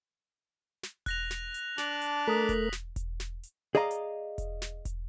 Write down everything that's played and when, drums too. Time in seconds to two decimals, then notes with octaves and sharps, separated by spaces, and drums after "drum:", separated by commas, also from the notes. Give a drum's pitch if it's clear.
0.83 drum: snare
1.06 F#6 A#6 F7, drum: kick E1, hi-hat
1.31 drum: snare
1.54 drum: hi-hat
1.78 D4 A5 D6 F#7, drum: snare
2.02 drum: hi-hat
2.28 A3 A#4 D#6 B6
2.49 drum: kick E1, hi-hat
2.72 drum: snare
2.96 drum: kick E1, hi-hat
3.20 drum: snare
3.43 drum: hi-hat
3.75 G#4 D5 D#5 F5 A#5
3.91 drum: hi-hat
4.38 drum: kick E1, hi-hat
4.62 drum: snare
4.85 drum: kick E1, hi-hat